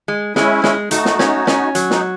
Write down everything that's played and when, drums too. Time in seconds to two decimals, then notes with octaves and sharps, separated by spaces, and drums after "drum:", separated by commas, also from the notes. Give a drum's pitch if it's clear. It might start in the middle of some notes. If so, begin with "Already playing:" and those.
0.08 G#3
0.36 G#3 C#4 E4, drum: snare
0.64 G#3, drum: snare
0.91 A3 D#4 F#4, drum: hi-hat
1.05 drum: snare
1.19 C#4, drum: snare
1.47 C#4, drum: snare
1.75 F#3, drum: hi-hat
1.90 D#4, drum: snare